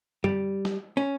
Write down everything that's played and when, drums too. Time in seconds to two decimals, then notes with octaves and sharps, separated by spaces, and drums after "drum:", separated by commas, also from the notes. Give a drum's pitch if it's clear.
0.24 G3, drum: tom F#2
0.65 drum: snare
0.97 C#4